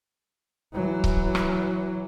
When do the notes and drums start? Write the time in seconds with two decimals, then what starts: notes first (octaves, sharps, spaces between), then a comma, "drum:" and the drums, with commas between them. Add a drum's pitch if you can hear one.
0.73 E3 F#3
1.04 drum: kick C#1
1.35 drum: rim click